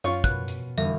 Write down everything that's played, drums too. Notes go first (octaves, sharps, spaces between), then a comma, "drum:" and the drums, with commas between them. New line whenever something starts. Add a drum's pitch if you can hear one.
F#2 C#4 F4 C#6, drum: hi-hat
B2 F#6, drum: kick, hi-hat
drum: hi-hat
E1 F2 D3 G3 E5